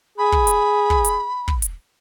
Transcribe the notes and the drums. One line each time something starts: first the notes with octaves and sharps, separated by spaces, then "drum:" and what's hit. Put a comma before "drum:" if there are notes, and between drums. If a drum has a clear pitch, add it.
G#4 B5
drum: kick
drum: hi-hat
drum: kick
drum: hi-hat
drum: kick
drum: hi-hat